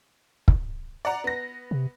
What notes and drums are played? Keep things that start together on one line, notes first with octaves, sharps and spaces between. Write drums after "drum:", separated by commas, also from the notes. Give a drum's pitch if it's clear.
drum: kick
D5 F#5 A#5
B3 A#6
C3